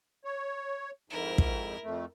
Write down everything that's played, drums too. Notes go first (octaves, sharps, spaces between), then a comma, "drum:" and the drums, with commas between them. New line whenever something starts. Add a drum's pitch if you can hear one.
C#5
F2 G#2 E4 A#4
drum: kick
F2 A3